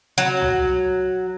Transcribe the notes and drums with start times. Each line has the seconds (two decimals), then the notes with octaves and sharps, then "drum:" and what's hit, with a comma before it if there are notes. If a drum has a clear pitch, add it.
0.18 F#3
0.42 drum: tom C2